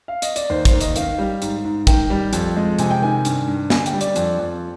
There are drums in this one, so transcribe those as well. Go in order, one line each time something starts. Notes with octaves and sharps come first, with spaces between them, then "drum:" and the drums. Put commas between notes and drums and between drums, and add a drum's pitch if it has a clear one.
F5
D#5, drum: hi-hat
D5, drum: hi-hat
D#2 C5
C5, drum: kick, hi-hat
D#2
D#5, drum: hi-hat
D#3 F5, drum: hi-hat
G3
G#2, drum: hi-hat
G#2
D#3 G5, drum: kick, hi-hat
G3
F2, drum: hi-hat
G#3
C3 G#5, drum: hi-hat
G5
D#3 G#5
G2, drum: hi-hat
G2
D3 G#5, drum: snare
G5, drum: hi-hat
G3
D5, drum: hi-hat
F2, drum: hi-hat
F2